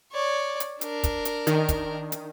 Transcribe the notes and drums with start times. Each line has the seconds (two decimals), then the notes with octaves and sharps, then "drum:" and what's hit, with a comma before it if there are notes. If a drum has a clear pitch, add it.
0.12 C#5 D5
0.60 drum: hi-hat
0.81 D4 A#4, drum: hi-hat
1.04 drum: kick, hi-hat
1.25 drum: hi-hat
1.47 D#3, drum: hi-hat
1.69 drum: kick, hi-hat
2.12 drum: hi-hat